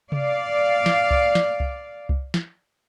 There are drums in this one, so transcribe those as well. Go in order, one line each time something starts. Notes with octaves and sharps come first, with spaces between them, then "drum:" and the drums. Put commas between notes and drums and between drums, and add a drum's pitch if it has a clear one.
D5 F5, drum: tom C3
drum: snare
drum: kick C2
drum: snare
drum: kick C2
drum: kick C2
drum: snare